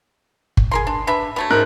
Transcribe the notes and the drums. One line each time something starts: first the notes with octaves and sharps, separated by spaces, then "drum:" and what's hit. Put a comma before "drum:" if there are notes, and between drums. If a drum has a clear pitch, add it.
drum: kick G1
G#4 A#4 C6
D4
D4 B4 E5
F#3 A3 B3
G#2 A#4 F#6